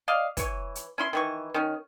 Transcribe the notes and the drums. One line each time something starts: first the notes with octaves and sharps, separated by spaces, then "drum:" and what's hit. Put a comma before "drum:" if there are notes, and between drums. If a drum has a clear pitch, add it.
D5 D#5 F5
E3 C#5, drum: kick, hi-hat
drum: hi-hat
C#4 E4 C6
D#3 E3 C#6
D#3 C#4